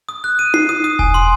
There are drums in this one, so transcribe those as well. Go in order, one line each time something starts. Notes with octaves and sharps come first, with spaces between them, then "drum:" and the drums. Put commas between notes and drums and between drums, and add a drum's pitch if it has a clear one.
D#6
F#6
D#7
C7, drum: tom D#4
D#6
D#6
G#5, drum: kick E1
C6